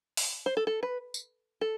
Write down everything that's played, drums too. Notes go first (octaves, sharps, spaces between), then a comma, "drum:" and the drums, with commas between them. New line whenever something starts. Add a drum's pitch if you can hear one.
drum: open hi-hat
C5
A4
A4
B4
drum: tambourine
A4